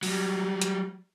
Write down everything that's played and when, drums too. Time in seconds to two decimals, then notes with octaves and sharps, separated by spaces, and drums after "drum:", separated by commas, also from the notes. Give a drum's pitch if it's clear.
0.03 F#3 G3, drum: open hi-hat
0.62 drum: hi-hat